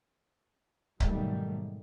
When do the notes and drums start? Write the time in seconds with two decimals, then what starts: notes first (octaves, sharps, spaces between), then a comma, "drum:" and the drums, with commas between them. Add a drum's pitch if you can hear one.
1.00 G#2 B2 D#3 F#3 G3 A3, drum: kick C#1